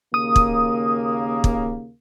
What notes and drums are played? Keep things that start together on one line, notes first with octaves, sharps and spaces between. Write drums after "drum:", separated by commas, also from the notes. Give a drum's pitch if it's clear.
D#2 C#3 A#3 D#6
drum: kick
drum: kick